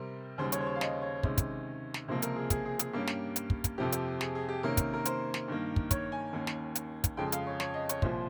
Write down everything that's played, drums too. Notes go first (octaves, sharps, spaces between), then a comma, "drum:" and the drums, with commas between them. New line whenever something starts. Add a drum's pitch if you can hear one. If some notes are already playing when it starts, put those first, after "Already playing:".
Already playing: C3 G3 C4 A#4
D#2 C#3 G3 C5
C#5, drum: hi-hat
C5
C#5
F5
D#5, drum: snare
C#5
C3 D#3 G#3 C#4, drum: kick
drum: kick, hi-hat
drum: snare
C#2 C3 F3 A#3 C5
A#4, drum: hi-hat
G#4
G#4, drum: kick, hi-hat
G#4
G#4, drum: hi-hat
G2 G3 A#3 C#4 G4
drum: snare
drum: hi-hat
drum: kick
drum: kick, hi-hat
F2 C3 F3 G4
drum: hi-hat
G#4, drum: snare
G#4
G4
C3 D#3 A#3 C#4 A#4
drum: kick, hi-hat
A#4
C5, drum: hi-hat
drum: snare
G2 D#3 A#3
drum: kick
C#5, drum: kick, hi-hat
G#5
D#2 D#3 A#3 C#4
drum: snare
drum: hi-hat
drum: kick, hi-hat
F2 C#3 G#3 G5
F5, drum: hi-hat
C#5
C#5, drum: snare
D#5
C#5, drum: hi-hat
C2 A#2 F3 C5, drum: kick